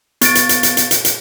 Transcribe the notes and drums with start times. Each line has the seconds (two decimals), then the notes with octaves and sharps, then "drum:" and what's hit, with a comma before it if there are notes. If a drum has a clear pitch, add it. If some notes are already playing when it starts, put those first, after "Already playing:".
0.21 B3 A6 D7, drum: hi-hat
0.35 drum: hi-hat
0.49 drum: hi-hat
0.63 drum: hi-hat
0.77 drum: hi-hat
0.91 drum: hi-hat
1.05 drum: hi-hat